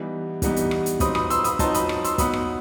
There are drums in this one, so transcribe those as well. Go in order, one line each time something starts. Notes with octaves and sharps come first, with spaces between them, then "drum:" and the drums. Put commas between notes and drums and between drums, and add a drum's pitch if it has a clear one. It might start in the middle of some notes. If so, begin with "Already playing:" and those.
Already playing: E3 G3 B3 D#4
E3 G3 B3 D#4, drum: kick, hi-hat
drum: hi-hat
drum: rim click
drum: hi-hat
F#3 C4 D#4 B5 D#6, drum: kick, hi-hat
B5 D#6, drum: rim click
C6 E6, drum: hi-hat
B5 D#6, drum: hi-hat
F#3 C4 D#4 A5 C6, drum: kick, hi-hat
B5 D#6, drum: hi-hat
drum: rim click
C6 E6, drum: hi-hat
F#3 B3 D#4 B5 D#6, drum: kick, hi-hat
drum: rim click